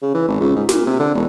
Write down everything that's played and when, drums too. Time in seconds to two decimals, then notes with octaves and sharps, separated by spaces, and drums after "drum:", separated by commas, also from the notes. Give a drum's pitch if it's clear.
0.02 C#3
0.14 E3
0.28 G#1
0.40 C#2
0.56 G#2
0.69 A#2, drum: snare
0.86 C3
0.99 D3
1.15 E1